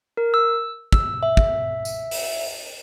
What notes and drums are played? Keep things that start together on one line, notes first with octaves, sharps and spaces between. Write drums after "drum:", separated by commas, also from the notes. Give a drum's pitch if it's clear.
A#4
E6
E6, drum: kick
E5
drum: kick
drum: tambourine
drum: open hi-hat